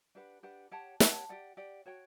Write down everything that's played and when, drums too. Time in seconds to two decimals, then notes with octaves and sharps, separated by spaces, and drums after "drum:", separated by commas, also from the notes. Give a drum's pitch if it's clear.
0.15 D4 G4 B4 F#5
0.43 D4 G4 B4 F#5
0.71 G4 C#5 F#5 A5
1.00 G4 C#5 F#5 A5, drum: snare
1.29 G4 D5 F#5
1.57 G4 D5 F#5
1.86 F#4 C#5 G5